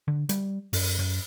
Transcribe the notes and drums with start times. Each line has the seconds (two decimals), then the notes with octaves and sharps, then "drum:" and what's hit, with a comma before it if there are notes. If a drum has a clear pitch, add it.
0.08 D3
0.29 G3, drum: hi-hat
0.73 F#2, drum: open hi-hat
0.99 F#2